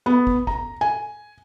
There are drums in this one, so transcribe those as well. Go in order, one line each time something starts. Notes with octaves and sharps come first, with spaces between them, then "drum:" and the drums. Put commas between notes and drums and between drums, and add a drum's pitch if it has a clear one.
B3
drum: kick
A#5, drum: kick
G#5